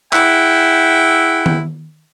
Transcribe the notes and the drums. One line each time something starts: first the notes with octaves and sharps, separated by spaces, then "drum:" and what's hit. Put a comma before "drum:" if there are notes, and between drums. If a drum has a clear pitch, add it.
E4 G#4 E5 F#5 G5, drum: clap
drum: tom D#3